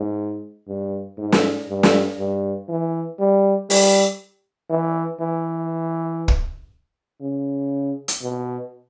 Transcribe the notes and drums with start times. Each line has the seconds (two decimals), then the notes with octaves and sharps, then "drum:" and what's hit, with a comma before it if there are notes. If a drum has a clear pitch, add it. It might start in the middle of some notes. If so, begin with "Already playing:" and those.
Already playing: G#2
0.67 G2
1.18 G#2
1.32 drum: snare
1.68 G2
1.83 drum: snare
2.18 G2
2.69 E3
3.19 G3
3.70 G3, drum: open hi-hat
4.70 E3
5.20 E3
6.28 drum: kick
7.21 C#3
8.08 drum: hi-hat
8.22 B2